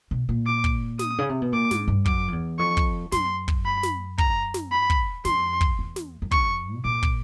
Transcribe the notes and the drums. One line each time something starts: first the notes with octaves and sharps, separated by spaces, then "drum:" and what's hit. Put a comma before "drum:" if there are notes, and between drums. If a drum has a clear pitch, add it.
B2
A#2
D6
drum: kick
D#6, drum: snare
C#3
C3
B2
A#2 D6
G#2, drum: snare
G2
F#2 D6, drum: kick
F2
E2
F2 C#6
drum: kick
F#2 C6, drum: snare
drum: kick
B5
drum: snare
A#5, drum: kick
drum: snare
B5
drum: kick
F2 C6, drum: snare
drum: kick
E2
drum: snare
F#2
F2 C#6, drum: kick
B2
A#2 D6
drum: kick